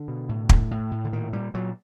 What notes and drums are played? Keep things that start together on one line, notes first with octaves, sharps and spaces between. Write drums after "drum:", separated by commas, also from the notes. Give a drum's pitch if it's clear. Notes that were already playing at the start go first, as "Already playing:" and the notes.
Already playing: D3
B2
A2
A2, drum: kick
A2
A2
D3
A#2 D#3
A#2 G3
A#2 F#3